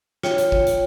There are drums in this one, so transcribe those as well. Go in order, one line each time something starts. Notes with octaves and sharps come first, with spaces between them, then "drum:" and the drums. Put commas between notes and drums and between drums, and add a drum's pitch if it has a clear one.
F4 C#5 G5, drum: snare
drum: hi-hat
drum: kick
drum: hi-hat